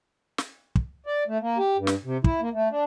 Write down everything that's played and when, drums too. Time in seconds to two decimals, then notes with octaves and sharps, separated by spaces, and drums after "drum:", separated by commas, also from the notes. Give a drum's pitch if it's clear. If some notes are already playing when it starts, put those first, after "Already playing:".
0.38 drum: snare
0.75 drum: kick
1.06 D5
1.28 A3
1.41 A#3
1.58 G4
1.78 G2
1.87 drum: snare
2.04 C3
2.24 E4, drum: kick
2.41 A#3
2.53 A3
2.71 D4